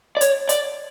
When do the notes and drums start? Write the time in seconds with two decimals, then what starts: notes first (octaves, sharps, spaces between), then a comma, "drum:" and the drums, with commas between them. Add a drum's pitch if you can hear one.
0.17 D5
0.21 C#5, drum: hi-hat
0.49 D5, drum: hi-hat